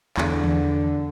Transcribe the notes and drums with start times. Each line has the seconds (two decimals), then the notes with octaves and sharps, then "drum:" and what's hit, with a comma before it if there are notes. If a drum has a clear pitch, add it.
0.17 E2 D3, drum: clap
0.44 drum: tom D#3